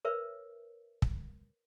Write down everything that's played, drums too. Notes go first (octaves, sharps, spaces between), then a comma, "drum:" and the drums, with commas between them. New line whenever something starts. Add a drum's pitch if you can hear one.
A#4 B4 C#5 E5
drum: kick